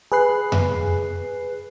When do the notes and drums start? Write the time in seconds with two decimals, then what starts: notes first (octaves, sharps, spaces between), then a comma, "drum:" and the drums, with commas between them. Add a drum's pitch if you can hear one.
0.12 G#4 B4 F#6 C7
0.52 drum: tom F2